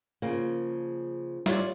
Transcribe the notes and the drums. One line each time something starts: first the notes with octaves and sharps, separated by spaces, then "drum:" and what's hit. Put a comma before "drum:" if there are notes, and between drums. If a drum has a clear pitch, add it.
C#3 F3 A#3
F4 C#5 D5, drum: snare